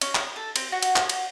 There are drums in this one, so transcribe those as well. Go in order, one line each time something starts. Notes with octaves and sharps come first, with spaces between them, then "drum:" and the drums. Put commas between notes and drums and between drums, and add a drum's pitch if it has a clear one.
C#4, drum: cymbal
drum: clap
A4
C4, drum: cymbal
F#4
drum: cymbal
drum: clap
drum: cymbal